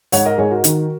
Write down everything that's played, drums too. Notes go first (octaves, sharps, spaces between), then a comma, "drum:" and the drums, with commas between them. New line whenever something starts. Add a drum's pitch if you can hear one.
G#2 C#5 F#5, drum: open hi-hat
A#4 D#5
G#2 G#4 C#5
F#4 A#4
D#3, drum: hi-hat